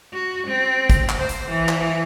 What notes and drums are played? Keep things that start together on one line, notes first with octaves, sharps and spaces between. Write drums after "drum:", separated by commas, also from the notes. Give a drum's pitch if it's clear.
F#4
C4
drum: kick, hi-hat
drum: clap
C5
drum: hi-hat
E3
drum: clap